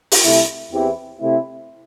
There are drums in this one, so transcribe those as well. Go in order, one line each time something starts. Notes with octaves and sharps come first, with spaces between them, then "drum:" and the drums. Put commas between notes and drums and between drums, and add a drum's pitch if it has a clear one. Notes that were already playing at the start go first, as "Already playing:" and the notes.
drum: open hi-hat
C2 C3 A3 E4
E2 E3 C4 E4 G4
C3 A3 C4 E4